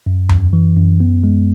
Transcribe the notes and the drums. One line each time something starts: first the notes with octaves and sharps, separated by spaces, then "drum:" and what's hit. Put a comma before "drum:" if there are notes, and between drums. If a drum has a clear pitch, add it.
F#2
F#2, drum: tom E2
E3
F#2
B3
G#3